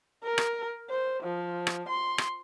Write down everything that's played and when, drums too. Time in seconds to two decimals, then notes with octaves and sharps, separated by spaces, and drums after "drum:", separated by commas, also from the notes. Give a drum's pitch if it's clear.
0.23 A#4
0.38 drum: rim click
0.89 C5
1.22 F3
1.67 drum: rim click
1.89 C6
2.18 drum: rim click